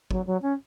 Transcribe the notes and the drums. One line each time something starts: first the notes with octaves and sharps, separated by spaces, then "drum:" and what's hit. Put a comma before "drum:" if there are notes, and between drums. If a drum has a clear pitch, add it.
F#3, drum: kick
F#3
C#4